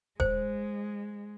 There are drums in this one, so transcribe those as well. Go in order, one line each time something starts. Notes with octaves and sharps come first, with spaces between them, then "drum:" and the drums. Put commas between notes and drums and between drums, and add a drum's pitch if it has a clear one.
G#3 C5, drum: kick D#1